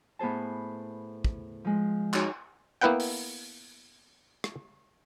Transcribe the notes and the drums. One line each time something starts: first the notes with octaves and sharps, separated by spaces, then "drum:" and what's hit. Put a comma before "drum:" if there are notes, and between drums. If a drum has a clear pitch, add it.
A2 B3 G#4 C5 A5
drum: kick
F3 G#3
D#4 F#4 G#4 C#5, drum: clap
A#3 B3 E4 B4 F#5 G5
drum: open hi-hat
drum: rim click